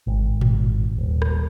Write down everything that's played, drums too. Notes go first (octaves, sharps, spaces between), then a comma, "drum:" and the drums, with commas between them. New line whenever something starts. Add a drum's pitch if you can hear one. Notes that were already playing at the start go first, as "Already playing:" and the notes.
G#1
drum: tom A2
D#1
drum: rim click